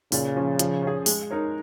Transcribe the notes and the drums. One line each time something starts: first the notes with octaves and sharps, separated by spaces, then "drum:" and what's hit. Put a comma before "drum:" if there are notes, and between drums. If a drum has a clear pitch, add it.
A#2 C#3, drum: open hi-hat
F3 C#4
F3, drum: hi-hat
C#4 G#4
G#3, drum: open hi-hat
D#4 A#4 C#5